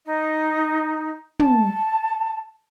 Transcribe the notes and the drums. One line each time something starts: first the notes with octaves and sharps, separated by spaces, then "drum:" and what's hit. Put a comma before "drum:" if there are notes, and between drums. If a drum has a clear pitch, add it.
D#4
A5, drum: tom